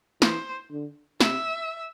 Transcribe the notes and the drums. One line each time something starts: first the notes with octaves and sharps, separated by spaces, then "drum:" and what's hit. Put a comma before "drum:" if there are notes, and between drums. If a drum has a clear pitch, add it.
E3 C5, drum: snare
D3
C3 E5, drum: snare